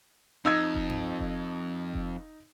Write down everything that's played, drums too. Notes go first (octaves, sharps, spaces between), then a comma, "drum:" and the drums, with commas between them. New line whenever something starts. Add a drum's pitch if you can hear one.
F2 D#4 E6 G#6
drum: kick F1
drum: tom G2
drum: kick F1
drum: kick F1